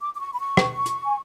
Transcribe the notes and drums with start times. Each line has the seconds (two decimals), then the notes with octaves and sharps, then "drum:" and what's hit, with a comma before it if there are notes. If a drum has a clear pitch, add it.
0.01 D6
0.14 D6
0.19 C#6
0.33 B5
0.39 C#6
0.57 drum: rim click
0.86 drum: hi-hat
1.05 G#5